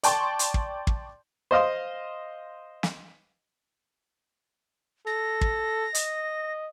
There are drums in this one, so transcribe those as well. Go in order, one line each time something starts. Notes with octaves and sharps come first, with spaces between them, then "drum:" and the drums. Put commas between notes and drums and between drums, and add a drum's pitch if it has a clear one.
D5 G5 A5 C6 C#6, drum: hi-hat
drum: hi-hat
drum: kick
drum: kick
C5 D#5 F5 C6
drum: snare
A4 A#6
drum: kick
D#5, drum: hi-hat